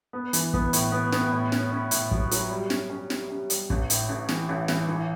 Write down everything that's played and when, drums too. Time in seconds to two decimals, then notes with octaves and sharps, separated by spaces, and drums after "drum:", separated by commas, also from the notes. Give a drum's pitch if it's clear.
0.13 B3
0.33 E3, drum: hi-hat
0.54 B3, drum: kick
0.73 A2, drum: hi-hat
0.92 B3
1.12 B3, drum: snare
1.32 A2
1.52 C#4, drum: snare
1.72 C#4
1.91 A2, drum: hi-hat
2.11 F#3, drum: kick
2.31 F#3, drum: hi-hat
2.51 G3
2.70 C#4, drum: snare
2.90 C#4
3.10 C#4, drum: snare
3.31 C#4
3.50 G3, drum: hi-hat
3.70 A1, drum: kick
3.90 A2, drum: hi-hat
4.09 A1
4.29 E3, drum: snare
4.49 A1
4.68 E3, drum: snare
4.88 E3